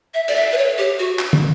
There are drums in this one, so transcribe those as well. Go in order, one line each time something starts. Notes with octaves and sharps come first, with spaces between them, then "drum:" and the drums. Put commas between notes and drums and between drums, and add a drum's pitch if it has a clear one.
E5
D5, drum: cymbal
E5
B4
C#5
G4
F#4
drum: clap
drum: tom